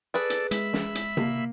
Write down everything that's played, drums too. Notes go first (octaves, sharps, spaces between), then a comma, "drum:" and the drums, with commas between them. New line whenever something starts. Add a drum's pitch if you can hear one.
G#4 A4 B4 D5
drum: hi-hat
G#3 E5 B5, drum: hi-hat
drum: snare
drum: hi-hat
A#3, drum: tom C3